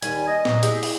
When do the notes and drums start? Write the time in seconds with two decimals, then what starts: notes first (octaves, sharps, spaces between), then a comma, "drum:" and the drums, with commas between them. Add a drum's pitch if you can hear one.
0.02 D#2 G3 G#5, drum: hi-hat
0.28 D#5
0.45 A#2 F#3, drum: snare
0.63 E4 G4 G#4, drum: hi-hat
0.83 drum: open hi-hat